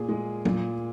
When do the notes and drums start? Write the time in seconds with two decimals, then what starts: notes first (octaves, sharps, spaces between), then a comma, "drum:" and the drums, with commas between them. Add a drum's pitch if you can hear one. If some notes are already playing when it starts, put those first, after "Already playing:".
Already playing: A#2 G#4
0.08 G#3
0.45 A#2, drum: tom